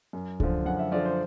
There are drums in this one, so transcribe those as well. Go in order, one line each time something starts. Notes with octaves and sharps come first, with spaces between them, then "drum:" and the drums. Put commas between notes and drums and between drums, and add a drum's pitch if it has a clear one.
F#2
D3 F3, drum: kick C#2
F#2 F#5
E5
D3 F3 D5
C5